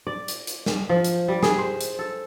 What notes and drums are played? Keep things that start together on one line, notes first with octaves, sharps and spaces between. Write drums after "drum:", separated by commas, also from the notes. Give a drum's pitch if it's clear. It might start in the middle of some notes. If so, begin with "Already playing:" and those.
D5
drum: hi-hat
drum: hi-hat
drum: snare
F3
drum: hi-hat
G3
G#4, drum: snare
C5
drum: hi-hat
A4